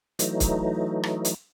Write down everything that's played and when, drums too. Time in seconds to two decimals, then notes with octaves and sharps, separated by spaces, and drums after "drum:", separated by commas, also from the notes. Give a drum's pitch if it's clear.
0.19 E3 F#3 A3 D#4, drum: hi-hat
0.40 drum: kick C#1, hi-hat
1.03 drum: rim click
1.25 drum: hi-hat